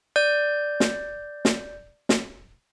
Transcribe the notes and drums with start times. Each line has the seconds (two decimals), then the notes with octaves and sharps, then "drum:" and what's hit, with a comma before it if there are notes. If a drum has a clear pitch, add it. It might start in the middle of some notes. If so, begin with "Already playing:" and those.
0.16 D5 G6
0.80 drum: snare
1.45 drum: snare
2.09 drum: snare